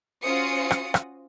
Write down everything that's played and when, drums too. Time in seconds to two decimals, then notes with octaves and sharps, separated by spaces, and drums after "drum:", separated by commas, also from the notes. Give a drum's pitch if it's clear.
0.24 C#4 F4 F#4 C5 D#6 C#7
0.70 drum: rim click
0.94 drum: rim click